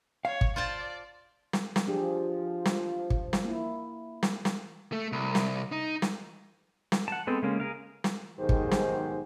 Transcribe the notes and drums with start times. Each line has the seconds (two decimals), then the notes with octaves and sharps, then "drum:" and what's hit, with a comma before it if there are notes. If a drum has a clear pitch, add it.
0.25 C#5 F5
0.41 drum: kick
0.56 F4 C5 D5 A5
1.53 drum: snare
1.76 drum: snare
1.88 F3 D4 G4 G#4
2.65 drum: snare
3.10 drum: kick
3.33 drum: snare
3.45 A#3 E4
4.23 drum: snare
4.45 drum: snare
4.92 A3
5.12 C2
5.35 drum: snare
5.72 D#4
6.02 drum: snare
6.92 drum: snare
7.08 F#5 A5
7.27 G#3 B3 C4 A4 C5
7.42 C#3 G#3 A#3 C#4
7.60 G#4 A#4 F5
8.04 drum: snare
8.38 B1 G#2 D#3 G4 G#4 C5
8.49 drum: kick
8.71 drum: snare